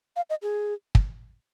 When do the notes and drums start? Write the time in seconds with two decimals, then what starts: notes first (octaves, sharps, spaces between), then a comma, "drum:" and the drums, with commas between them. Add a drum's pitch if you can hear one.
0.16 F5
0.30 D#5
0.42 G#4
0.95 drum: kick